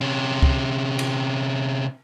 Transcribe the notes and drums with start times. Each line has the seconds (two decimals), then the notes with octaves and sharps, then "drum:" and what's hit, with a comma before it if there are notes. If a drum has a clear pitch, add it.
0.01 C3 C#4
0.43 drum: kick C#2
0.99 drum: cymbal